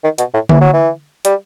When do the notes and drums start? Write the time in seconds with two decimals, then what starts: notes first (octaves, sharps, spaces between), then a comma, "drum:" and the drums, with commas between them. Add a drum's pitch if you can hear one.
0.04 D#3
0.18 B2, drum: hi-hat
0.34 A2
0.49 E3, drum: tom D3
0.61 F#3
0.73 E3
1.25 G3, drum: hi-hat